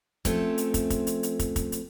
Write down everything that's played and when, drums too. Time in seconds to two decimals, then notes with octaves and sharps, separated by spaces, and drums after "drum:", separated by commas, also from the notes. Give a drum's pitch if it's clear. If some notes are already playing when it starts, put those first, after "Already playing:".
0.25 F3 A3 C4 C#4, drum: kick, hi-hat
0.58 drum: hi-hat
0.74 drum: kick, hi-hat
0.90 drum: kick, hi-hat
1.07 drum: hi-hat
1.23 drum: hi-hat
1.39 drum: kick, hi-hat
1.56 drum: kick, hi-hat
1.72 drum: hi-hat